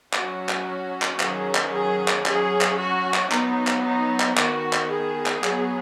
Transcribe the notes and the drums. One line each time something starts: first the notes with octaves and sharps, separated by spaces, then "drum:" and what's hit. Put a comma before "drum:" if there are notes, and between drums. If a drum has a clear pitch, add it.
F#3 C#4 F#4, drum: clap
drum: clap
drum: clap
D#3 F#3 C#4 G#4, drum: clap
drum: clap
G#4
drum: clap
F#3 C#4 G#4, drum: clap
drum: clap
F#4
drum: clap
F#3 B3 D#4, drum: clap
drum: clap
D#4
drum: clap
D#3 B3 F#4, drum: clap
drum: clap
G#4
drum: clap
F#3 B3, drum: clap